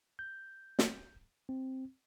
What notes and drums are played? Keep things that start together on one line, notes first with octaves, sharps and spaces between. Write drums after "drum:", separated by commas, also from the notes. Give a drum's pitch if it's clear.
G6
drum: snare
C4